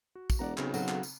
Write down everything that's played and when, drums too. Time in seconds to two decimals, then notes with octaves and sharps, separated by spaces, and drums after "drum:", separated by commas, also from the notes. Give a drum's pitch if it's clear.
0.15 F#4
0.30 drum: kick, tambourine
0.39 E1 D5 F#5 A#5
0.58 B1 C#3 C4, drum: clap
0.74 F#3 A4 F5, drum: tambourine
0.88 drum: clap
1.03 drum: tambourine